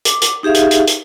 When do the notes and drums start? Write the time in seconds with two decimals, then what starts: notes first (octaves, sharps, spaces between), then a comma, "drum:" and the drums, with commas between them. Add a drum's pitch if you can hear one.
0.05 D6, drum: hi-hat
0.22 drum: hi-hat
0.43 D#4 G4 G#4 E5 F5
0.55 drum: hi-hat
0.71 drum: hi-hat
0.88 drum: hi-hat